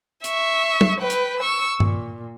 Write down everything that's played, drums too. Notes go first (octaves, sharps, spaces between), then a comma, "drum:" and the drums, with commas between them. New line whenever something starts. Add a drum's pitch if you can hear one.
E5 C#6, drum: hi-hat
drum: tom
B4 G5
drum: hi-hat
C#6 E6
A#2, drum: tom G2